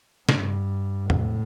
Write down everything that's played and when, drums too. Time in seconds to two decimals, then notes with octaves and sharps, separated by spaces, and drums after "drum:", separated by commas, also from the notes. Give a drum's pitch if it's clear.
0.29 G2, drum: snare
1.10 A2, drum: tom E2